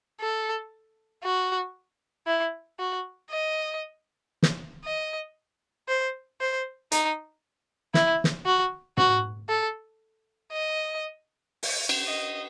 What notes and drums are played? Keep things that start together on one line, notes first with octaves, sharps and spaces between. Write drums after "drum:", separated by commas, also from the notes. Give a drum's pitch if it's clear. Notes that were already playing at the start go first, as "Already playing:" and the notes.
A4
F#4
E4
F#4
D#5
drum: snare
D#5
C5
C5
D#4, drum: hi-hat
E4, drum: snare
drum: snare
F#4
F#4, drum: tom
A4
D#5
drum: open hi-hat
drum: cymbal
D#5